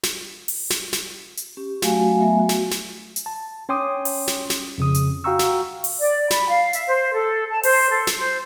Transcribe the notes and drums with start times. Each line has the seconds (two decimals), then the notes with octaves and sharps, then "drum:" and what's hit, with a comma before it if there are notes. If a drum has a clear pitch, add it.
0.03 drum: snare
0.48 drum: open hi-hat
0.70 drum: snare
0.93 drum: snare
1.37 drum: hi-hat
1.57 C#4 G4
1.82 F#3 A3 F#4 F5 G#5, drum: snare
2.19 F#3 A3 B3 E5 G#5
2.39 F#4
2.49 drum: snare
2.71 drum: snare
3.16 drum: hi-hat
3.26 A5
3.69 C#4 C#5 G5 C6 D6 D#6
4.05 drum: open hi-hat
4.28 drum: snare
4.50 drum: snare
4.78 F2 C#3 D#6
4.95 drum: hi-hat
5.24 F#4 F5 G5 A#5 C#6 E6
5.39 drum: snare
5.84 drum: open hi-hat
6.00 D5
6.30 B5, drum: snare
6.49 F5
6.73 E5, drum: hi-hat
6.87 C5
7.14 A4
7.50 A5
7.63 C5, drum: open hi-hat
7.90 A4
8.07 drum: snare
8.17 C5